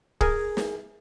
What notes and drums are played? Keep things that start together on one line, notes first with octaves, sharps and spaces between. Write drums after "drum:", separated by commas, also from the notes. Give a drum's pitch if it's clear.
G#4 A#4 G#5, drum: kick
drum: snare